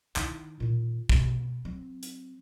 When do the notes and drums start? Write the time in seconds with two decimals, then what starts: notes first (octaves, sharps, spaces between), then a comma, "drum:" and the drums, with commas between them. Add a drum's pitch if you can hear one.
0.16 D#3 E4, drum: clap
0.60 A#2 D#3
1.09 B2, drum: kick
1.65 F#3 C4
2.03 drum: hi-hat